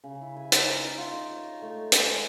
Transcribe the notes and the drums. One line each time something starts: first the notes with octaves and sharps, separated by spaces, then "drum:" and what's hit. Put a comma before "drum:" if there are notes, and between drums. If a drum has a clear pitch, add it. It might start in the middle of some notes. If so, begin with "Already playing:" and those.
C#3
E4
G#5
drum: hi-hat
D#4
D#5
F4
D#5
C#5
A3
G#3, drum: hi-hat
A5